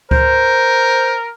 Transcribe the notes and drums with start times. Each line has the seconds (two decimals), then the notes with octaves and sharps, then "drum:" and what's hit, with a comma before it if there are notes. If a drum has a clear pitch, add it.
0.11 A#4 C5, drum: kick C#2